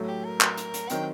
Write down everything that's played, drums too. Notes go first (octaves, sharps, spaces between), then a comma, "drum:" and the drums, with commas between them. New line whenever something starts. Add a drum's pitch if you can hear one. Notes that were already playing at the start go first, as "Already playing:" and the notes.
Already playing: A2 F#3 A3
G4
A#4
drum: clap
drum: hi-hat
drum: hi-hat
D#3 F#3 C4 D#4 G5, drum: hi-hat